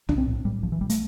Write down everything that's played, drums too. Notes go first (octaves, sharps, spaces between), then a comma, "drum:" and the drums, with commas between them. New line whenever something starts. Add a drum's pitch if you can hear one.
A#1 D4, drum: tom
C4
A2
A2 G3
A#1 F3
E3
A#1 G3
A3, drum: hi-hat